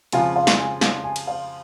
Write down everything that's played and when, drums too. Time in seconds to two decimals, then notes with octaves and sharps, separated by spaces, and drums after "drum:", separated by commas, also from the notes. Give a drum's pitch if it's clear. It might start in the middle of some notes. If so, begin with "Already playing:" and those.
0.12 F2 C#3 F3 G#3 F4 G#5, drum: cymbal
0.36 F5
0.47 drum: snare
0.58 G#5
0.81 F5, drum: snare
1.04 G#5
1.16 drum: cymbal
1.27 F5